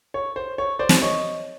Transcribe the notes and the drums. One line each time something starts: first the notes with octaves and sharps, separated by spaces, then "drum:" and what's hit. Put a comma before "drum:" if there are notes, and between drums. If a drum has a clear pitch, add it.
C#5
C5
C#5
C5 D5
drum: snare
C#5 D#5